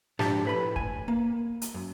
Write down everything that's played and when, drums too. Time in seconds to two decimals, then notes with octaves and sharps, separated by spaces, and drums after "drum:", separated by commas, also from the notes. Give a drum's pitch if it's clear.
0.19 G#2 F3 D4 G4 A5, drum: snare
0.45 A2 B4 B5
0.76 G#5, drum: kick
1.08 A#3
1.62 drum: hi-hat
1.74 F#2